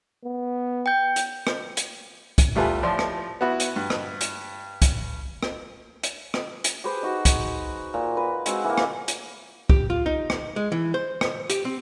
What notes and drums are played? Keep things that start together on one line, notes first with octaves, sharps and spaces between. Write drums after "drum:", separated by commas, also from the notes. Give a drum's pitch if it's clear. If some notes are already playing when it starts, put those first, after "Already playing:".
B3
G5 G6
drum: hi-hat
drum: rim click
drum: hi-hat
drum: kick, hi-hat
E2 G3 A3 F4 B4 G#5
A2 F3 D5 C6
drum: rim click
B3 E4 F#4
drum: hi-hat
G2
drum: rim click
drum: hi-hat
drum: kick, hi-hat
drum: rim click
drum: hi-hat
drum: rim click
drum: hi-hat
G4 G#4 B4 C5
D#4 F#4
drum: kick, hi-hat
A#2
B4
G#3 C4 F#4 F#5, drum: hi-hat
E3 A#3
drum: rim click
drum: hi-hat
G4, drum: kick
F4
D#4
drum: rim click
G#3
E3
C5
drum: rim click
G4, drum: hi-hat
C4